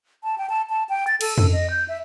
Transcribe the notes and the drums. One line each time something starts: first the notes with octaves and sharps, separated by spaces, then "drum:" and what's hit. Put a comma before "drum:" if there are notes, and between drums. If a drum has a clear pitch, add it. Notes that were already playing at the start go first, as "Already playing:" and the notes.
A5
G5
A5
A5
G5
A6
A4, drum: cymbal
A4, drum: tom F2
D#5
G6
E5